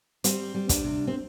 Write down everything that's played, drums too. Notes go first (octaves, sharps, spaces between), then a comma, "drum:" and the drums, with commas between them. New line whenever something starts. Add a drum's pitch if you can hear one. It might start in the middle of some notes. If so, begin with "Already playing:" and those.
G3 C4, drum: hi-hat
G3
D4, drum: kick, hi-hat
C3
C4